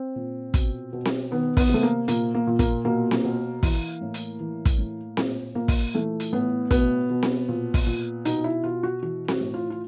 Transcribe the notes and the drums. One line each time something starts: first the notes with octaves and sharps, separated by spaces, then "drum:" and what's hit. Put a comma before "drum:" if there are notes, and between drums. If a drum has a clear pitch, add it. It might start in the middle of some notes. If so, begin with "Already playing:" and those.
Already playing: C4
A#2
B2, drum: kick, hi-hat
B2
drum: snare C4
D#3 B3
B3, drum: kick, open hi-hat
C3 A3
A#3
A#2 A#3, drum: hi-hat
A#3
A#2
A#3, drum: kick, hi-hat
B2 A#3
drum: snare C4
B2
E3, drum: kick, open hi-hat
A2
drum: hi-hat
E3
drum: kick, hi-hat
A2
A#2, drum: snare C4
A#2 A#3
drum: kick, open hi-hat
E3 A3
drum: hi-hat
A2 B3
B2 B3, drum: kick, hi-hat
B2
drum: snare C4
A#2
drum: kick, open hi-hat
A#2
B2 D#4, drum: hi-hat
E4
B2 F4
F#4
E3 F#4
F#4, drum: snare C4
A2
F4
F4